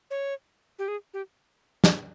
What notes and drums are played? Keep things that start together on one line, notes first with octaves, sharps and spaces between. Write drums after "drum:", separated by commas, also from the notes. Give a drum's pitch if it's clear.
C#5
G4
G#4
G4
drum: snare